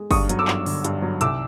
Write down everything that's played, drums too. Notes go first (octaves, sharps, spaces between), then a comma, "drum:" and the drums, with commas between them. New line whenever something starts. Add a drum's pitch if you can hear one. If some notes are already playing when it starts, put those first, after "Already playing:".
Already playing: G#3
G2 C#6 D#6, drum: kick G1, open hi-hat
F#3, drum: hi-hat
D6 E6
G2, drum: clap
D3, drum: open hi-hat
G2, drum: hi-hat
F#3
C2 D6 E6, drum: hi-hat